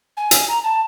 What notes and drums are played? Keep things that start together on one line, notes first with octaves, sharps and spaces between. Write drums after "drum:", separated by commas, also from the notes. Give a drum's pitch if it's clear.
G#5
drum: hi-hat
A#5
A5